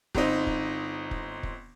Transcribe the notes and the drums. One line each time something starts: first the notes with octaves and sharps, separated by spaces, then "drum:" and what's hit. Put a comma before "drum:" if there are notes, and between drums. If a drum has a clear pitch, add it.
G1 C4 D#4, drum: kick
drum: kick
drum: kick
drum: kick